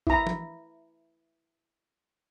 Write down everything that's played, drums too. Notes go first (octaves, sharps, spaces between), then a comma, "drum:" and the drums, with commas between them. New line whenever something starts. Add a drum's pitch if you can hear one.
E4 A#5, drum: kick G#1
drum: tom E3